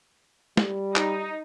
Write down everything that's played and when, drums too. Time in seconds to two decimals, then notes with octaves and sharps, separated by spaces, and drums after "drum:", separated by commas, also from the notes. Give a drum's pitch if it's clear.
0.57 G3, drum: snare
0.96 D#4, drum: clap